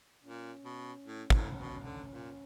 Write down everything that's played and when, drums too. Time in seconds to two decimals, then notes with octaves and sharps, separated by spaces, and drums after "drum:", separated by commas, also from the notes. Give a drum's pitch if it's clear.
0.24 A#2 C#4
0.64 B2
1.04 A2
1.30 A2, drum: kick
1.58 B2
1.84 D3
2.11 A#2